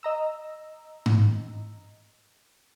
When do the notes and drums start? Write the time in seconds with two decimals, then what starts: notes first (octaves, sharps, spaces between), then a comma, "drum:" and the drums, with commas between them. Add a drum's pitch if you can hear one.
0.03 D#5 A#5 E6
1.06 drum: tom G#2